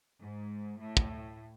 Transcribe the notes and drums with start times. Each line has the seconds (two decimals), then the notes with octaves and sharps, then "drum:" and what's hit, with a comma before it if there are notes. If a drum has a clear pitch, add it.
0.20 G#2
0.78 A2
0.97 drum: kick